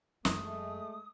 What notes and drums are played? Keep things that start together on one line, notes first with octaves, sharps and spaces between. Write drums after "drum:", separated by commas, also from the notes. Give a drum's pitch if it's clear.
F#2 E3 G#3 A3 D#6, drum: snare